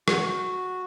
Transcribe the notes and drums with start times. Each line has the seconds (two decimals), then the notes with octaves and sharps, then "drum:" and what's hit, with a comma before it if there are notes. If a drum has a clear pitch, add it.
0.08 F#4, drum: rim click